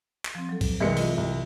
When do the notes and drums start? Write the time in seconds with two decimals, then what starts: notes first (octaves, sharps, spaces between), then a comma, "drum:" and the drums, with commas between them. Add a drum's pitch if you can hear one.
0.25 drum: clap
0.35 F3 C4
0.49 F#3 A4
0.61 drum: kick, cymbal
0.80 C2 E3 G#3 A#4 B4 C#7
0.97 F4 D#5, drum: cymbal
1.18 C2